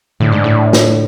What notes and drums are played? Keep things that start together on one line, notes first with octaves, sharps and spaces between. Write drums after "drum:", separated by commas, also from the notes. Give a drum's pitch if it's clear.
A2 D3
G#2
A2
drum: snare